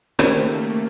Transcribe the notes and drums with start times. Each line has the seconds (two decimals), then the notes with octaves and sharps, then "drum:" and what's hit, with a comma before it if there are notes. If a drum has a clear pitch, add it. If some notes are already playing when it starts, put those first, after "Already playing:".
0.19 D#3 A3 A#3 C#4 G4 A#4 C5 D5, drum: rim click